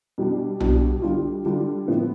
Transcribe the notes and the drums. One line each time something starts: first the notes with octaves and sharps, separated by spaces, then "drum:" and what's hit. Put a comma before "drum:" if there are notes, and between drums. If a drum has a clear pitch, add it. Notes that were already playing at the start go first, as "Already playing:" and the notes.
B2 G3 D4
B2 G3 D4, drum: tom B1
D3 G3 D4 F4
D3 G3 D4 F4
A2 F3 B3